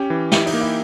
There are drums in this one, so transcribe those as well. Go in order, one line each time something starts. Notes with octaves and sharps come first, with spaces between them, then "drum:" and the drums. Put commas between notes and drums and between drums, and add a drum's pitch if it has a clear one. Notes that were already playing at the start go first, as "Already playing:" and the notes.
Already playing: C#4 G4
E3
E4 G4, drum: snare
D#4, drum: open hi-hat
A#3
E4